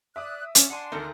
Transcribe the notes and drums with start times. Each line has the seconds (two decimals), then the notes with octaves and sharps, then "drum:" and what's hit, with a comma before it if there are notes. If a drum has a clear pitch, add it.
0.16 D5 E5 D6 D#6 F#6
0.55 C#4 C#5 D5, drum: hi-hat
0.70 D4 F#5 G#5 C6
0.92 D2 A3 D#4 A4 A#4